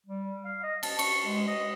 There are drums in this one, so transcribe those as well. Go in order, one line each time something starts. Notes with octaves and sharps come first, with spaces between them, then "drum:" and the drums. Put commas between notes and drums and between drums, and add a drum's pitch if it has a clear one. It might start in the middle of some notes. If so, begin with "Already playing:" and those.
G3
F5
D#5
A5, drum: cymbal
C#6, drum: cymbal
G#3
D#5